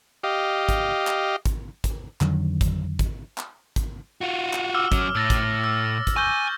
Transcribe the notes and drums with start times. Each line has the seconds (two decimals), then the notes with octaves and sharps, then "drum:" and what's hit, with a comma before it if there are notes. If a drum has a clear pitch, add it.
0.23 G4 D#5 F5
0.69 drum: kick, hi-hat
1.07 drum: clap
1.46 drum: kick, hi-hat
1.84 drum: kick, hi-hat
2.21 F2 D3 D#3 F#3, drum: clap
2.61 drum: kick, hi-hat
2.99 drum: kick, hi-hat
3.38 drum: clap
3.76 drum: kick, hi-hat
4.21 F4 F#4
4.53 drum: clap
4.74 D6 E6 F6
4.92 F#3 C#4, drum: kick, hi-hat
5.15 A2 E6 A6 A#6
5.30 drum: kick, hi-hat
5.64 E6
6.07 drum: kick, hi-hat
6.16 G#5 C#6 G6 G7